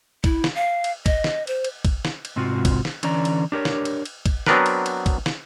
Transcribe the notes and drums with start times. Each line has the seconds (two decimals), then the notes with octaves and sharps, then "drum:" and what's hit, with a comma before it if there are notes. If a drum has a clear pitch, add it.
0.24 E4, drum: kick, cymbal
0.44 drum: snare
0.55 F5
0.84 drum: cymbal
1.06 D#5, drum: kick, cymbal
1.24 drum: snare
1.47 C5, drum: cymbal
1.64 drum: cymbal
1.85 drum: kick, cymbal
2.05 drum: snare
2.25 drum: cymbal
2.36 G#2 C3 C4 F4 F#4
2.65 drum: kick, cymbal
2.85 drum: snare
3.03 D3 E3 C#4 D5 A#5, drum: cymbal
3.25 drum: cymbal
3.52 D4 G4 A#4 C#5
3.65 drum: snare
3.85 drum: cymbal
4.05 drum: cymbal
4.26 drum: kick, cymbal
4.46 F#3 B3 C4 D4 A#4 B4, drum: snare
4.66 drum: cymbal
4.86 drum: cymbal
5.06 drum: kick, cymbal
5.26 drum: snare